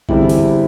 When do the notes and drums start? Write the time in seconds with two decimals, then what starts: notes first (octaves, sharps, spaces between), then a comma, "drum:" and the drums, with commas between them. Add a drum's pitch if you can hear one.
0.09 E2 D3 G3 C4 E4, drum: kick G#1
0.29 drum: open hi-hat